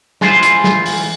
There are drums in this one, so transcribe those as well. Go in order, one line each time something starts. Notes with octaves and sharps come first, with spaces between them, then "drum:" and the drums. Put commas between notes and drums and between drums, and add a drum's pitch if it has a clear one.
E3 G#3 F4 C5, drum: snare
drum: hi-hat
drum: snare
drum: open hi-hat